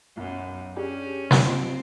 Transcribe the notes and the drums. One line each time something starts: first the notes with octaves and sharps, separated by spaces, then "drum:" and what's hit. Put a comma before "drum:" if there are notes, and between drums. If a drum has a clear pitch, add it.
B1 F#2
C#4 D4 G4 G#4
drum: snare
C#2 A#2 C4 D#5